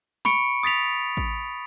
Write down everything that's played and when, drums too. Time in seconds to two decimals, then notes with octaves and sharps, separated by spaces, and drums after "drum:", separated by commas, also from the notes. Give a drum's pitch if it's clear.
0.25 B5 C#6 C#7 D7, drum: snare
0.63 D#6 A6 B6 F7
1.17 drum: kick A1